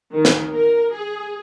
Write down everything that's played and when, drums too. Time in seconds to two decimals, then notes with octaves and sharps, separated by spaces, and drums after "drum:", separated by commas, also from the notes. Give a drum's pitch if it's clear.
0.13 D#3
0.25 drum: snare
0.53 A#4
0.94 G#4